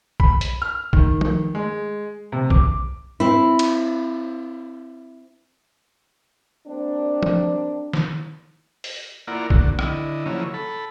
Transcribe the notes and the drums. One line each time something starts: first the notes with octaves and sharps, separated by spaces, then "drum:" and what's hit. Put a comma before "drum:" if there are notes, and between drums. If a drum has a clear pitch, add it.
B5, drum: kick
drum: hi-hat
F6
D#3, drum: kick
drum: tom F3
G#3
C3
D6, drum: kick
C4 E4
drum: cymbal
G3 A#3 C4 D4
drum: tom F3
drum: snare
drum: open hi-hat
A#3 E4 F4 A#4 D5 F#5
A#2 D3 F#4, drum: kick
D3 E4 D#5, drum: rim click
C#3 F3 F#3 A#3 C#4 E4
A4 B5